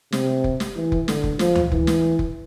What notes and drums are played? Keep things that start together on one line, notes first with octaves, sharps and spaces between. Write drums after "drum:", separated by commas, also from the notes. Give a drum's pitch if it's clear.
C3, drum: snare
drum: kick F1
drum: snare
E3
drum: kick F1
D3, drum: snare
drum: kick F1
F3, drum: snare
drum: tom D2
E3, drum: kick F1
drum: snare
drum: kick F1